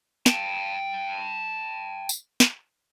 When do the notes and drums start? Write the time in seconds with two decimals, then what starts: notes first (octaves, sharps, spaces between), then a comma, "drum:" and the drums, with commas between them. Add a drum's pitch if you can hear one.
0.26 G5 A5, drum: snare
2.09 drum: tambourine
2.40 drum: snare